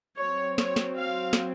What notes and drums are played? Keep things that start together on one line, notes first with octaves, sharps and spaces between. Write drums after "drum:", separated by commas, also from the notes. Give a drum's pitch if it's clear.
F#3 C4 C#5
C#5, drum: snare
drum: snare
F5
drum: snare